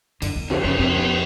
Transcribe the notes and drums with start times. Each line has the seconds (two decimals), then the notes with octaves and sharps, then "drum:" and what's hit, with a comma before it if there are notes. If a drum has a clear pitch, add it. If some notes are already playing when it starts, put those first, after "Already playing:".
0.22 F#2 D3, drum: cymbal
0.36 E2
0.50 F2 D3, drum: cymbal
0.64 F2 C#3
0.79 F2 C3
0.98 B2